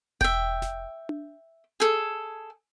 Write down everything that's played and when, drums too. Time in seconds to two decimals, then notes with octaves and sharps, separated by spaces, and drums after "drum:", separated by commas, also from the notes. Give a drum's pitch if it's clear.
0.21 E5 G5, drum: kick E1
0.62 drum: snare F1
1.09 drum: tom D4
1.80 G#4 A4